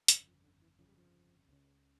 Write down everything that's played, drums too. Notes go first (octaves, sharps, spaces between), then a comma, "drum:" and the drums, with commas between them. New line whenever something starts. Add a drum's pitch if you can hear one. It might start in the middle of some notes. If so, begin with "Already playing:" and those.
G1 F2 C#3 A3, drum: hi-hat
F3
D3
E3
G1 F2 C#3 F3
G3
F3
C#2 C#3